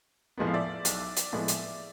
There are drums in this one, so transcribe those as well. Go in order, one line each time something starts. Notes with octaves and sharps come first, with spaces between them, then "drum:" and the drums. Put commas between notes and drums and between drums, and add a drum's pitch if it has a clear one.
A2 F3 G#3 B3
F5
D5 E5
B1, drum: hi-hat
drum: hi-hat
A2 F3 G#3 B3
drum: hi-hat